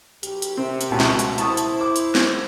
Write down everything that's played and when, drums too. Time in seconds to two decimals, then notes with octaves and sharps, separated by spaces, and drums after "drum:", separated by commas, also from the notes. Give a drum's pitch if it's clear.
0.23 B1 G4, drum: hi-hat
0.42 drum: hi-hat
0.57 C3 C4
0.81 drum: hi-hat
0.90 C#2 B2
1.00 drum: snare
1.19 drum: hi-hat
1.38 E4 C5 A5 C#6 D#6, drum: hi-hat
1.57 drum: hi-hat
1.81 D6
1.96 drum: hi-hat
2.15 drum: snare